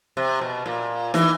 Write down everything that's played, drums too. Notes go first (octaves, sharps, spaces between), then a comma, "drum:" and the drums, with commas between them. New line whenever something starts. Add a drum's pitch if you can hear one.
C3
B2
A#2
E3, drum: snare D#4